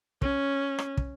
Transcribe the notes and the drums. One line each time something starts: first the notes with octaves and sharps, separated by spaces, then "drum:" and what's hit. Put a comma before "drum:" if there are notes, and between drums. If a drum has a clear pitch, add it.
C#4, drum: kick
drum: rim click
drum: kick